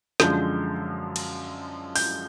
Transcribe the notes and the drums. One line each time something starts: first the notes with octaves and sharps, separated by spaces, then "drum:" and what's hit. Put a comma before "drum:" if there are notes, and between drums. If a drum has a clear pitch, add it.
F#2 D3 F3 G#3 G6, drum: snare
drum: cymbal
G6, drum: open hi-hat